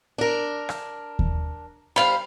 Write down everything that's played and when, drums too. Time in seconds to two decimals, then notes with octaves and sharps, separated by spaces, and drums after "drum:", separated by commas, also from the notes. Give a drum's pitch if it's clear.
0.18 D4 A#4
0.69 drum: rim click
1.19 drum: kick D#2
1.96 G3 C5 F5 B5